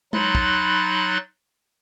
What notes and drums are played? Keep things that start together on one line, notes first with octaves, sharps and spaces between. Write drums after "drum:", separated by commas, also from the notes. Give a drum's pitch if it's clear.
F#3 D#4 B5 C6 F#6 A6, drum: tom G#3
drum: kick